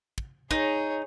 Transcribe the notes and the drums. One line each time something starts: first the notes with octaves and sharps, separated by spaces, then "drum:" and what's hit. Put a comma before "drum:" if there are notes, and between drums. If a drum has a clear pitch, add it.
drum: kick
D#4 G#4 C#5, drum: kick